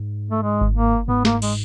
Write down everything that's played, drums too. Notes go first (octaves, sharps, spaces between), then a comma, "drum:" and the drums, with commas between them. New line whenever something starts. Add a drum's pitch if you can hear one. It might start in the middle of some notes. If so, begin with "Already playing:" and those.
Already playing: G#2
A3
G#3
drum: kick G1
A#3
G#2 B3
A#3, drum: snare
G#3, drum: cymbal